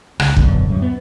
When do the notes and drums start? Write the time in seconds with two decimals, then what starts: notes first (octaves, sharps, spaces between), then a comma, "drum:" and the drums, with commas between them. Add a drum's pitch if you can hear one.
0.20 C#2, drum: rim click
0.37 E1 F#2 B2 D3, drum: kick
0.66 D1 F#2
0.82 B3